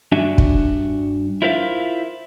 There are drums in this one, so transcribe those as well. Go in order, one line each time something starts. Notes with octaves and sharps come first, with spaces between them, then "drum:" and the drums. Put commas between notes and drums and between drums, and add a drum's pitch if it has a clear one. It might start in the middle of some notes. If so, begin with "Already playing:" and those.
G2 D4 F#4 E5 G#5
drum: kick
E4 F4 A#4 C5 E5 F5